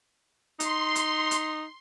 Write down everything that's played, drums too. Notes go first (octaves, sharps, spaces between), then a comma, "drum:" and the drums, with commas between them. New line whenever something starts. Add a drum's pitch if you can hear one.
D#4 C6, drum: hi-hat
drum: hi-hat
drum: hi-hat